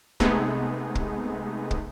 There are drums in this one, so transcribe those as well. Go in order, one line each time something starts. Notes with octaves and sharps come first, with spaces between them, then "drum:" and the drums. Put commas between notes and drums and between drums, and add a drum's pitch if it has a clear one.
C3 G#3 A3 B3 D#4 G#4, drum: kick
drum: kick
drum: kick